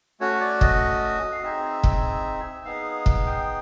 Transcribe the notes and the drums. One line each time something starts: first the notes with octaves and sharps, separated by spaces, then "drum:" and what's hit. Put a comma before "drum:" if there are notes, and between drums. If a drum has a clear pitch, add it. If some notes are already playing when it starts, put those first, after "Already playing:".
A3 C#4 F#4 C#5
D5
D#5, drum: kick
F5
C4 D#4 G#4 E5
drum: kick
B3 D#4 G#4 F5
drum: kick
G5